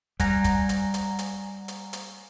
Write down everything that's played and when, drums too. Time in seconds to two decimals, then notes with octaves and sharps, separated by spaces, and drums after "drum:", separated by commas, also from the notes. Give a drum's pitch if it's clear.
0.20 G3 F#5 G#5 A#5, drum: kick, hi-hat
0.44 drum: kick, hi-hat
0.69 drum: hi-hat
0.94 drum: hi-hat
1.19 drum: hi-hat
1.68 drum: hi-hat
1.93 drum: hi-hat